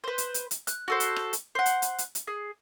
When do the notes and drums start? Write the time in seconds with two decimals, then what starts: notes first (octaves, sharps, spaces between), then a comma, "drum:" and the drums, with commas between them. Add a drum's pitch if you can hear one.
0.04 B4 C5
0.18 drum: hi-hat
0.34 drum: hi-hat
0.51 drum: hi-hat
0.67 F#6, drum: hi-hat
0.88 F#4 A4 C5
1.00 drum: hi-hat
1.16 drum: rim click
1.33 drum: hi-hat
1.55 C5 F#5
1.66 drum: hi-hat
1.82 drum: hi-hat
1.98 drum: hi-hat
2.15 drum: hi-hat
2.27 G#4